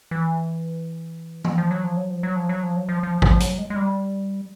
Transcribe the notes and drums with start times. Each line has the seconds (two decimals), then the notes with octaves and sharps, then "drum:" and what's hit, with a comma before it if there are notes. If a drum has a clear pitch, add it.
0.11 E3
1.44 drum: tom E3
1.58 F3
1.71 F#3
1.84 F3
1.97 F#3
2.10 F3
2.23 F#3
2.36 F3
2.49 F#3
2.63 F3
2.76 F#3
2.89 F3
3.03 F3
3.22 F3, drum: kick G#1
3.40 F#3, drum: hi-hat
3.58 G#3
3.70 G#3
3.76 G3